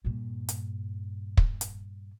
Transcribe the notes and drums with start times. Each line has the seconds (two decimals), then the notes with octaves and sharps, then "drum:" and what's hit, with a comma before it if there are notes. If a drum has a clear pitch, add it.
0.05 G2 A#2
0.49 drum: hi-hat
1.37 drum: kick
1.61 drum: hi-hat